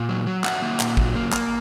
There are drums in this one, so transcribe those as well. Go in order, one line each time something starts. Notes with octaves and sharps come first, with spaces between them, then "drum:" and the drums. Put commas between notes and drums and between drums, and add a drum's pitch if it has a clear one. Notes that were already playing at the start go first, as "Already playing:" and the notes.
Already playing: A#2
F#3
F#3
F#3 E5 F#5, drum: clap
A#3
A#2, drum: clap
F#3, drum: kick A1
A#3
A#3, drum: clap